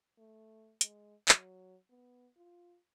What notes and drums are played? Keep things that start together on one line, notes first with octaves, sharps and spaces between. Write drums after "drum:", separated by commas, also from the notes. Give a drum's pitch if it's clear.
A3
G#3, drum: hi-hat
F#3, drum: clap
B3
F4